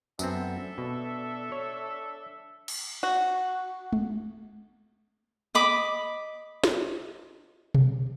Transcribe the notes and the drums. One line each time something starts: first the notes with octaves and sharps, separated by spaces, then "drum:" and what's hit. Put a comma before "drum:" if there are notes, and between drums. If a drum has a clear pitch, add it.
F#2 B3 C4 D4 A4 E5, drum: tambourine
B2
C#5
drum: cymbal
F#4
drum: tom G#3
D#5 B5 D6
drum: snare
drum: tom B2